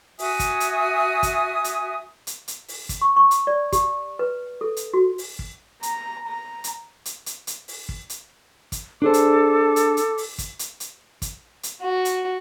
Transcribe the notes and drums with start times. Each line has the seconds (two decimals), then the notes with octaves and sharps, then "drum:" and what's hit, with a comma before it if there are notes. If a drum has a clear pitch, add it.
0.19 F#4 E5 G#5 D#6, drum: open hi-hat
0.39 drum: kick, hi-hat
0.60 drum: hi-hat
1.23 drum: kick, hi-hat
1.64 drum: hi-hat
2.27 drum: hi-hat
2.48 drum: hi-hat
2.68 drum: open hi-hat
2.89 drum: kick, hi-hat
3.01 C#6
3.16 C#6
3.31 drum: hi-hat
3.47 D5
3.72 G4, drum: kick, hi-hat
4.19 B4
4.61 A4
4.77 drum: hi-hat
4.94 F#4
5.18 drum: open hi-hat
5.39 drum: kick
5.83 A#5, drum: hi-hat
6.27 A#5
6.64 drum: hi-hat
7.05 drum: hi-hat
7.26 drum: hi-hat
7.47 drum: hi-hat
7.68 drum: open hi-hat
7.89 drum: kick
8.10 drum: hi-hat
8.72 drum: kick, hi-hat
9.02 D4 G#4 A4 C5 D6
9.14 drum: hi-hat
9.76 drum: hi-hat
9.97 drum: hi-hat
10.18 drum: open hi-hat
10.38 drum: kick, hi-hat
10.59 drum: hi-hat
10.80 drum: hi-hat
11.22 drum: kick, hi-hat
11.63 drum: hi-hat
11.81 F#4
12.05 drum: hi-hat